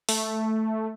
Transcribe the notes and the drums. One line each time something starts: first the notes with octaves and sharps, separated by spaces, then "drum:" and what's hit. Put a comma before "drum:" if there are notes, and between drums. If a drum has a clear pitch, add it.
A3, drum: open hi-hat